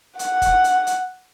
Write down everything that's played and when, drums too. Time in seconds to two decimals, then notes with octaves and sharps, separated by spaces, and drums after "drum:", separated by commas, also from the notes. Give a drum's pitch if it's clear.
0.19 F#5, drum: hi-hat
0.42 drum: kick, hi-hat
0.64 drum: hi-hat
0.87 drum: hi-hat